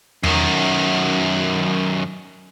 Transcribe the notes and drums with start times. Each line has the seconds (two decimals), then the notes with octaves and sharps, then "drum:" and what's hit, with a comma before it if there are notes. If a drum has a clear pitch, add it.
0.23 F#2 D#3, drum: tom E2